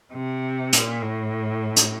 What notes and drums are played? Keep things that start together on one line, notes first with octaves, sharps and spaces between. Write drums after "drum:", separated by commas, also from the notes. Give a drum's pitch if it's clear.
C3
A#2, drum: hi-hat
A2
drum: hi-hat